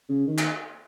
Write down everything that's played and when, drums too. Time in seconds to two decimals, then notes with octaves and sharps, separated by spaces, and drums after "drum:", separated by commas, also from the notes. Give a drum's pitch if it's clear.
0.09 C#3
0.27 D#3
0.38 drum: clap